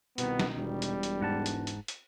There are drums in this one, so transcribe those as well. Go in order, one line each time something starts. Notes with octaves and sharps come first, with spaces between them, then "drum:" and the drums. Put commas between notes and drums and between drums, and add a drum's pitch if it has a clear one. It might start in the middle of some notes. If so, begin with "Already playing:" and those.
C2 B2 D#3 B3, drum: hi-hat
drum: snare
E1 G3
drum: hi-hat
drum: hi-hat
G#2 F#5 A5
drum: hi-hat
drum: hi-hat
drum: hi-hat